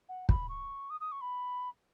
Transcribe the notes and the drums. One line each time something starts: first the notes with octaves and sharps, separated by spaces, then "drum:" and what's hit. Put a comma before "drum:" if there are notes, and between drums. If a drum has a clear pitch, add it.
F#5
B5, drum: kick
C#6
D#6
D#6
C#6
B5